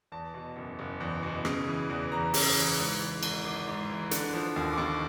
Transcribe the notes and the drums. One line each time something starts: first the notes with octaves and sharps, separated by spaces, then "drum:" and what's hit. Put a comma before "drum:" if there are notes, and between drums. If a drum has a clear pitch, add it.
E2 A5
B2
F#1
F#1
E2
B2
C#3, drum: rim click
E3
E2
E2 A#5
C#3, drum: open hi-hat
E3
G#2
E3
G#1, drum: cymbal
G#1 D6
G#2
E3
D3, drum: hi-hat
F3
D#2
D6
D#2 C#6